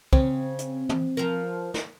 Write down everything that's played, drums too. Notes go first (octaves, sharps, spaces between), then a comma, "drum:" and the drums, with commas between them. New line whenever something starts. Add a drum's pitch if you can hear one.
C#3 C4, drum: kick
drum: hi-hat
drum: tom
F3 A#4
drum: snare